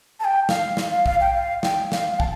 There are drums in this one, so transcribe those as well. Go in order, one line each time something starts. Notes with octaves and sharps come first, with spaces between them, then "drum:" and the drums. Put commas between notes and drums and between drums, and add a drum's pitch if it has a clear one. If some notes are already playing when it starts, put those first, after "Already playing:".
A5
G5
F5, drum: snare
drum: snare
F5
F5, drum: kick
G5
F5
G5, drum: snare
F5, drum: snare
F5
A5, drum: kick